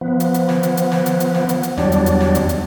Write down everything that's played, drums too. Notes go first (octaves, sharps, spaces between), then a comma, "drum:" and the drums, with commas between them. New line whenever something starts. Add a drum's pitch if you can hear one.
F3 B3
drum: hi-hat
drum: hi-hat
drum: snare
drum: hi-hat
drum: hi-hat
drum: snare
drum: hi-hat
drum: hi-hat
drum: snare
drum: hi-hat
drum: hi-hat
E2 F#3 G3 D4, drum: snare
drum: hi-hat
drum: hi-hat
drum: snare
drum: hi-hat
drum: hi-hat